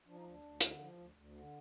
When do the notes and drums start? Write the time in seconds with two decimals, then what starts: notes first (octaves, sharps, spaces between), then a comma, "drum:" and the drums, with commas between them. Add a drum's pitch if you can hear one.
0.07 F3 D4
0.15 D#4
0.24 D2 D4
0.43 D2
0.61 D3, drum: hi-hat
0.78 F3
0.97 D2
1.14 D2
1.32 D3